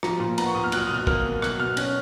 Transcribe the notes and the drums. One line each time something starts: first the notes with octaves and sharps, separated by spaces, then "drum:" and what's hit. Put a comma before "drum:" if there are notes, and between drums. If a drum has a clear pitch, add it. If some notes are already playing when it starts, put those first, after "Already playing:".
F3 A#5, drum: rim click
A#2
B3 A#5, drum: cymbal
C#6
A#2 D#6
F6
F#3 F#6, drum: cymbal
F6
D#6
B2 F6
A#3 F6, drum: kick A1
B2
F#3 F#6, drum: rim click
B2 F6
C#4 F#6, drum: cymbal